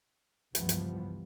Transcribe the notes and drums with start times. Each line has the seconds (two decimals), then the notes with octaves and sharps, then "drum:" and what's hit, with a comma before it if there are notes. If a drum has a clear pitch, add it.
0.55 C#2 G2 E3 F3 G3 B3, drum: hi-hat
0.69 drum: hi-hat